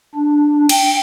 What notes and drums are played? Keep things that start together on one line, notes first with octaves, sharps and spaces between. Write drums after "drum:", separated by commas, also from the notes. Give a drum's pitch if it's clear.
D4
G5, drum: cymbal